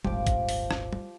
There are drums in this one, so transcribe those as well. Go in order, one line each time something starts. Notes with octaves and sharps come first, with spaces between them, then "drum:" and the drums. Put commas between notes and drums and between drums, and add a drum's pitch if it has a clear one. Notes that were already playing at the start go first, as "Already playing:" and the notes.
D#1 G#1 F3 G4 D6, drum: tom
drum: kick, hi-hat
drum: open hi-hat
drum: rim click
drum: tom